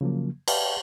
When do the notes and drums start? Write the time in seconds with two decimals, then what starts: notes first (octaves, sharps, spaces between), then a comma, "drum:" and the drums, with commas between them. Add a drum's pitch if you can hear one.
0.01 C#3 F3 F#3 A#3
0.48 B4 D5 E5 F5 G5 A5, drum: cymbal